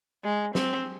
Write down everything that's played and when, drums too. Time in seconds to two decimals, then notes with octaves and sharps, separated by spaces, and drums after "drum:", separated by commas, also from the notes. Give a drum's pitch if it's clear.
0.24 G#3
0.55 C4, drum: snare